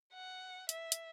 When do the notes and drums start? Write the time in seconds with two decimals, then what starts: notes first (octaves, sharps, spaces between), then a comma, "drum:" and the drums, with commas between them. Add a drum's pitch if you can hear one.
0.14 F#5
0.69 E5, drum: hi-hat
0.92 drum: hi-hat